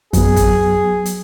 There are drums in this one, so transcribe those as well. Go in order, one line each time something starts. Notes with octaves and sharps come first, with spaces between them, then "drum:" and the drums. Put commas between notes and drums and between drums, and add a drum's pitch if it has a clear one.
F#2 F#3 B3 G#4, drum: kick, hi-hat
drum: kick, hi-hat
drum: hi-hat